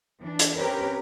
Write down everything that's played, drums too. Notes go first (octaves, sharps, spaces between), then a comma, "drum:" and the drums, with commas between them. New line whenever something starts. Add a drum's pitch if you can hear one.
E3 D4
drum: hi-hat
C4 C#4 G4 A#4 B4